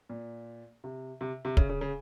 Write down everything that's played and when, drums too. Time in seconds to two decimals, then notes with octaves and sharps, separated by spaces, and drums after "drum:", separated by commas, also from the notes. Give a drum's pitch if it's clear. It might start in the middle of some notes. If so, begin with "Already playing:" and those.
0.10 A#2
0.84 C3
1.21 C3
1.45 C3
1.57 C#3, drum: kick
1.69 C#3
1.81 C#3